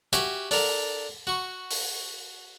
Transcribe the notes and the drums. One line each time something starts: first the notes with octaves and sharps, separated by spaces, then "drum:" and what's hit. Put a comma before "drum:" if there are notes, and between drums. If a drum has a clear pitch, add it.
F#4 G4 E5 G#5, drum: hi-hat
D4 A4 A#4, drum: open hi-hat
F#4 C#6
drum: open hi-hat